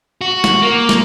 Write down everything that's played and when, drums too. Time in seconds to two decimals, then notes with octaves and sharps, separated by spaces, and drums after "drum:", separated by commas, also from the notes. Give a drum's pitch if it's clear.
0.21 F#4
0.44 drum: snare
0.62 A#3
0.89 drum: snare